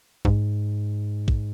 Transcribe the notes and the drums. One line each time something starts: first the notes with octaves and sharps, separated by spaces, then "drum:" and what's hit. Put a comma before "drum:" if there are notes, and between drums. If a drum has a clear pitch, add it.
G#2, drum: kick
drum: kick